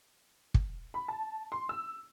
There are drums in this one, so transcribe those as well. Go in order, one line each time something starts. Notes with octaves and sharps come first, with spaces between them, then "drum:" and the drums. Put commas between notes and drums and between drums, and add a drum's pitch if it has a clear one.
drum: kick
B5
A5
C6
E6